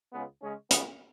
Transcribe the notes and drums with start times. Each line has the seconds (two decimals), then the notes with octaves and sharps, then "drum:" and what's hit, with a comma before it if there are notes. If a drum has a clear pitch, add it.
0.12 C#2 C#3 G#3 B3
0.41 C#3 G#3 C#4
0.71 C#2 C#3 B3, drum: hi-hat